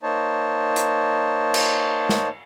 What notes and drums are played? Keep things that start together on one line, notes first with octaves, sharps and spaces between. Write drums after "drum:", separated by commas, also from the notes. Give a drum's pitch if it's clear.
A#3 D#4 C5 C#5 A5
drum: hi-hat
drum: cymbal
drum: snare